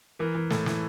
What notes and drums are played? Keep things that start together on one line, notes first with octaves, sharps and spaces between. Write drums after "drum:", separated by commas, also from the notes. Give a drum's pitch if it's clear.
E3 A#4
E3
A2 A4, drum: snare
E3, drum: snare